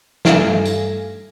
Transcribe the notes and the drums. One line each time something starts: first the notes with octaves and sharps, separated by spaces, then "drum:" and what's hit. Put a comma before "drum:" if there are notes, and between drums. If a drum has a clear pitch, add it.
G2 A3 F5 G#5 A#6, drum: snare
drum: tambourine